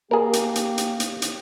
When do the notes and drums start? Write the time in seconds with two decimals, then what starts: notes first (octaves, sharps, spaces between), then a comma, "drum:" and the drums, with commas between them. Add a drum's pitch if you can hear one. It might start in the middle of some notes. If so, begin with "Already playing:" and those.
0.11 A#3 G4 G#4 A#4
0.33 drum: hi-hat
0.55 drum: hi-hat
0.78 drum: hi-hat
1.00 drum: hi-hat
1.22 drum: hi-hat